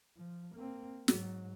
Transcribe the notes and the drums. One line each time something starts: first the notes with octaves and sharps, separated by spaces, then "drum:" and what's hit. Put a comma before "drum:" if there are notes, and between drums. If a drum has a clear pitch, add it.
F3
A#3 C4
G#2 F#3, drum: snare